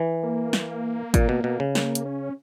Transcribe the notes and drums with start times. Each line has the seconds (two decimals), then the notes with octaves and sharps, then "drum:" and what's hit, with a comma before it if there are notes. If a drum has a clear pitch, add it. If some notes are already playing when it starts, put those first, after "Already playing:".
Already playing: E3
0.23 A#3
0.53 drum: snare
1.14 A#2, drum: kick G#1, hi-hat
1.29 B2
1.44 B2
1.60 C#3
1.75 A#3, drum: snare
1.95 drum: hi-hat
2.05 C#4